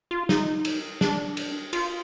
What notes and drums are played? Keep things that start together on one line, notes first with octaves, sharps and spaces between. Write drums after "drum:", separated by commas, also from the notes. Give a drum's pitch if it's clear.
F4
D#4, drum: snare
drum: cymbal
D4, drum: snare
drum: cymbal
F4, drum: cymbal